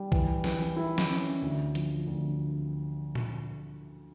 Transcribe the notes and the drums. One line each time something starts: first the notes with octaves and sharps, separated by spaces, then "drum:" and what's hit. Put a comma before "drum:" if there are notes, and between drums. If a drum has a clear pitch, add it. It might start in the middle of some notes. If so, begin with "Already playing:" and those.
Already playing: G3
E3, drum: kick B1
E3, drum: snare
E4
drum: snare
C#4
D2
F3, drum: hi-hat
D2
drum: tom A#2